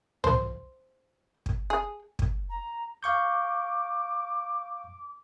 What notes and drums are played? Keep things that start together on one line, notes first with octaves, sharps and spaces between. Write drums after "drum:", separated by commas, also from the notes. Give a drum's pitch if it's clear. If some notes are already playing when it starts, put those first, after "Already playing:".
C5, drum: tom C2
drum: kick
G#4
drum: kick
A#5
F5 C#6 D6 G6